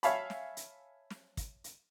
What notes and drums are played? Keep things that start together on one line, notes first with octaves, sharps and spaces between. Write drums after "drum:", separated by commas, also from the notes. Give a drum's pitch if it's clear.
C#5 E5 F5 G#5 A5 B5, drum: hi-hat
drum: snare
drum: hi-hat
drum: snare
drum: kick, hi-hat
drum: hi-hat